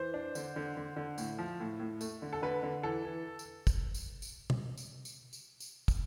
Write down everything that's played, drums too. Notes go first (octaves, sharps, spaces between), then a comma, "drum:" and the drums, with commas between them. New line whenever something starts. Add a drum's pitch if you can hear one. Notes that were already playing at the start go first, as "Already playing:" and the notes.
Already playing: E3 C5
D4
D3, drum: tambourine
D3
D3
D3
A2, drum: tambourine
F3
A2
A2
A3, drum: tambourine
D3
A4
D3 B4
D3
E3 A4
E3
drum: tambourine
drum: kick, tambourine
drum: tambourine
drum: tambourine
drum: tom B2
drum: tambourine
drum: tambourine
drum: tambourine
drum: tambourine
drum: kick, tambourine